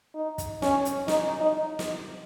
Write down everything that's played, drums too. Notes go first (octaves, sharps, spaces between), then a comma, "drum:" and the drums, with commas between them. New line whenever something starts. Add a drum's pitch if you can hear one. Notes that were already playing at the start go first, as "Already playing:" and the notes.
D#4
drum: kick, hi-hat
C#4, drum: snare
drum: hi-hat
D#4, drum: snare
D#4
drum: snare